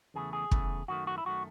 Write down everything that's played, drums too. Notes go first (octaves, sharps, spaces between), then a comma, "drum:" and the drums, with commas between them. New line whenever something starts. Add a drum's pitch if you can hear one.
E2 C#3 E3 A3 G#4
G#4
E2 C#3 E3 A3, drum: kick
F#2 D#3 A3 F#4
F#4
E4
F#2 D#3 A3 F#4